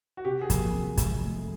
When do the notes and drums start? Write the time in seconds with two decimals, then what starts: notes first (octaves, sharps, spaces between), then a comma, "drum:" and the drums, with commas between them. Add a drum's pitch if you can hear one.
0.17 F#4
0.25 C3 G4
0.41 G#4
0.50 F3 A#3, drum: kick, hi-hat
0.73 C3
0.97 F3, drum: kick, hi-hat
1.03 G#3
1.22 A3